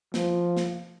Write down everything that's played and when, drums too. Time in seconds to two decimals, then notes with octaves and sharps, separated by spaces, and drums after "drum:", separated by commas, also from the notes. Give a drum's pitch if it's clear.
0.14 F3, drum: snare
0.57 drum: snare